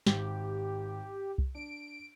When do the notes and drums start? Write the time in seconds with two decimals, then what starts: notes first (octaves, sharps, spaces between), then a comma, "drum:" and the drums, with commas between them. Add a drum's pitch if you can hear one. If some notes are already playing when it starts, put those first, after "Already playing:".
0.07 G#1 G4, drum: snare
1.38 drum: kick C2
1.55 D4 D7